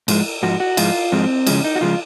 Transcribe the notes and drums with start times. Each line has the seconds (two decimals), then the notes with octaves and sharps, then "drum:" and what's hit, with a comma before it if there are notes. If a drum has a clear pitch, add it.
0.08 G#2 F3 G#3, drum: cymbal
0.43 G#2 F3 F#4
0.60 F#4
0.77 G#2 F3 G#3 F4, drum: cymbal
1.12 G#2 F3 G#3 C4
1.47 F2 C#3 F3 G#3 C#4, drum: cymbal
1.64 D#4
1.76 F#4
1.81 C#3 F3 G#3 F4